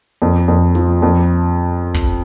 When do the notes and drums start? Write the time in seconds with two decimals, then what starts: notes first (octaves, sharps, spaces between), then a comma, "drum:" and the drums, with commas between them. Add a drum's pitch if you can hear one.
0.22 F2
0.48 F2
0.75 F3, drum: hi-hat
1.02 F2
1.94 drum: kick